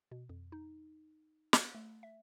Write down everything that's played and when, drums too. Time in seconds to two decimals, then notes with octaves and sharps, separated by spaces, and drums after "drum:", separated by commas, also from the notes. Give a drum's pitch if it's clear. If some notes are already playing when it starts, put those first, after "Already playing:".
0.11 B2
0.29 F2
0.52 D#4
1.53 drum: snare
1.75 A3
2.03 E5